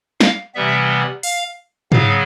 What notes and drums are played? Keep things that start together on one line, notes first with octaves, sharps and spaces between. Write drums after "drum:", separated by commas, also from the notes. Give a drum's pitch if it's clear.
F5, drum: snare
C3 E3 G3 B3 E5
F5, drum: open hi-hat
C#3 F#3 B3 F5, drum: tom G#2